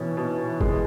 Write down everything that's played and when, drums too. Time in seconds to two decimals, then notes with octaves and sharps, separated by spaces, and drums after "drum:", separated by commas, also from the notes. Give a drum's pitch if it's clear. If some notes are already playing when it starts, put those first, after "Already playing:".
Already playing: B2 E3 C#4
0.17 B2
0.61 G#3, drum: kick F#1